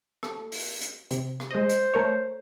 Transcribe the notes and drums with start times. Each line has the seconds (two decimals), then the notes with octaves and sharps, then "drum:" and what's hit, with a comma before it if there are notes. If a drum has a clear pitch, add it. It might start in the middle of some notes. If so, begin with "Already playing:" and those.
0.23 A4, drum: rim click
0.52 drum: open hi-hat
0.81 drum: hi-hat
1.11 C3, drum: hi-hat
1.40 drum: rim click
1.51 G#3 C5 D#5
1.69 drum: hi-hat
1.94 A3 A#4 C#5